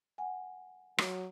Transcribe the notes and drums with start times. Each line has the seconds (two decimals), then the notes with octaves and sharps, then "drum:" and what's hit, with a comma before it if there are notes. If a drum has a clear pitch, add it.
0.18 F#5 G#5
0.98 F#3, drum: rim click